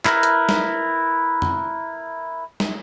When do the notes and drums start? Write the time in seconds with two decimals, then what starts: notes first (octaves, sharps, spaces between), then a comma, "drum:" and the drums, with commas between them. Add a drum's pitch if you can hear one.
0.05 E4 A#4 B4, drum: clap
0.23 drum: hi-hat
0.49 drum: snare
1.42 drum: tom
2.60 drum: snare